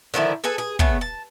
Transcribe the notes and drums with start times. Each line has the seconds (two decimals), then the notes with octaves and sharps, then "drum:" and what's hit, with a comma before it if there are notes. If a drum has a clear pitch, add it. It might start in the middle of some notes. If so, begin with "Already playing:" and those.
0.14 D3 D#3 F3 E4
0.44 G#4 A4 B4 G#5
0.58 G#4
0.79 C#3 A3 B3, drum: kick
1.01 A5